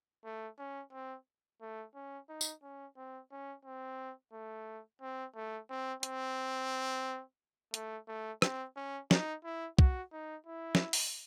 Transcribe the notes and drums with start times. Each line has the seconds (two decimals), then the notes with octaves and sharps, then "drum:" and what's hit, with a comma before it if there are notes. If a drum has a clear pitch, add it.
0.25 A3
0.59 C#4
0.92 C4
1.61 A3
1.95 C#4
2.29 D#4
2.41 drum: tambourine
2.63 C#4
2.97 C4
3.31 C#4
3.65 C4
4.33 A3
5.02 C4
5.36 A3
5.70 C4
6.03 C4, drum: hi-hat
7.74 A3, drum: hi-hat
8.08 A3
8.42 C4, drum: rim click
8.76 C#4
9.11 D#4, drum: snare
9.44 E4
9.79 F#4, drum: kick
10.12 D#4
10.47 E4
10.75 drum: snare
10.93 drum: open hi-hat